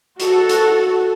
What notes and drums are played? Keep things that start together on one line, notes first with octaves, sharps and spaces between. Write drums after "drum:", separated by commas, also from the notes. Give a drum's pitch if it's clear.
F#4 A4, drum: hi-hat
drum: hi-hat